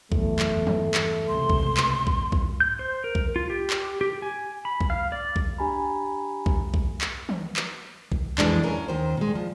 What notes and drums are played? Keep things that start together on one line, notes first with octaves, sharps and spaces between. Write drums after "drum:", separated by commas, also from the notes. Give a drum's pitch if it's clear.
F#1 E2 A3, drum: kick B1
drum: clap
E2 G2
drum: tom
drum: clap
C#2 C3 C6
drum: kick B1
drum: clap
G#1 A#2, drum: kick B1
drum: kick B1
G6
C5
A#4
drum: kick B1
F4
G4
drum: clap
G4
G#5
B5
drum: kick B1
F5
D5
drum: kick B1
D4 G4 G#5 A#5 B5
drum: kick B1
drum: kick B1
drum: clap
drum: tom
drum: clap
drum: kick B1
F2 E3 F#3 G#3 D4, drum: clap
E2 C#4 A#4
D#2 D#3 C5
A#2 G#3
F3